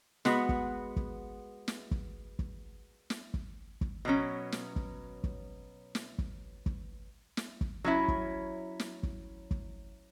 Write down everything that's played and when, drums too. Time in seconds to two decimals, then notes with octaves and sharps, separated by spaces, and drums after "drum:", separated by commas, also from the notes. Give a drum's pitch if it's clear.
0.25 G#3 B3 F#4, drum: snare
0.49 drum: kick
0.96 drum: kick
1.68 drum: snare
1.91 drum: kick
2.39 drum: kick
3.10 drum: snare
3.34 drum: kick
3.81 drum: kick
4.05 B2 F#3 C#4
4.52 drum: snare
4.76 drum: kick
5.24 drum: kick
5.95 drum: snare
6.18 drum: kick
6.66 drum: kick
7.37 drum: snare
7.61 drum: kick
7.84 F#3 C#4 E4
8.08 drum: kick
8.80 drum: snare
9.03 drum: kick
9.51 drum: kick